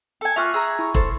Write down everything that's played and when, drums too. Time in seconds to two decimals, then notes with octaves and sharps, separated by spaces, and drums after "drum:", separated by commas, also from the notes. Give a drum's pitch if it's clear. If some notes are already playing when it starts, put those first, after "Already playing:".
0.21 A4 G#5
0.36 A#3 F4 E5 C#6 F6 F#6
0.54 G#4 A#5 E6
0.79 E4 C#6
0.94 A4 C5, drum: kick E1